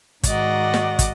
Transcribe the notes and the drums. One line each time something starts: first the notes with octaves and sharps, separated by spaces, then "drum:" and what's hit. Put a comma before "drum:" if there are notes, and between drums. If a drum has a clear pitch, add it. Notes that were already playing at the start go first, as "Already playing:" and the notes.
G#2 D#3 F#4 D5 D#5 F#5, drum: kick, hi-hat
drum: snare
drum: kick, hi-hat